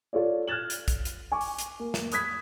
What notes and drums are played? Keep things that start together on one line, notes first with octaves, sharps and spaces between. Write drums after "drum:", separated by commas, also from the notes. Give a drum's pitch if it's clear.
F4 A4 C#5 D5
F6 F#6 G#6 A6 E7 F#7
drum: hi-hat
drum: kick, hi-hat
drum: hi-hat
G#5 C#6 D6
drum: open hi-hat
drum: hi-hat
A#3
drum: snare
B5 D#6 F#6 G#6 B6, drum: hi-hat